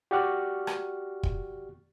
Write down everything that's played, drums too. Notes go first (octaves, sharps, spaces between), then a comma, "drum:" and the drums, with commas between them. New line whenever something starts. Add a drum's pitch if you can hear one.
F#4 G4 D5 C#6 F6 F#6
drum: rim click
drum: kick